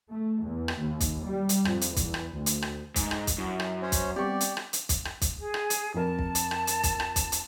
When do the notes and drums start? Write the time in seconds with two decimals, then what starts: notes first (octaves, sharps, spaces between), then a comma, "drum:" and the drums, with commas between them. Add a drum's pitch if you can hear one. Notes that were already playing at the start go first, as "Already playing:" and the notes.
0.11 A3
0.44 E2
0.68 drum: rim click
0.80 D#2
1.00 drum: kick, hi-hat
1.25 G3
1.49 drum: hi-hat
1.65 F2, drum: rim click
1.81 drum: hi-hat
1.96 E2, drum: kick, hi-hat
2.14 drum: rim click
2.35 D2
2.46 drum: hi-hat
2.62 drum: rim click
2.96 G#2, drum: kick, hi-hat
3.11 drum: rim click
3.27 drum: kick, hi-hat
3.38 F#2 E4
3.60 drum: rim click
3.82 C#4 C5 C#5
3.92 drum: kick, hi-hat
4.16 G3 B3 C4 G4 D5 C#6
4.41 drum: hi-hat
4.57 drum: rim click
4.73 drum: hi-hat
4.89 drum: kick, hi-hat
5.05 drum: rim click
5.21 drum: kick, hi-hat
5.39 G#4
5.54 drum: rim click
5.70 drum: hi-hat
5.94 F2 A#4 A5
6.19 drum: kick
6.35 drum: hi-hat
6.51 drum: rim click
6.67 drum: hi-hat
6.83 drum: kick, hi-hat
7.00 drum: rim click
7.16 drum: kick, hi-hat
7.32 drum: hi-hat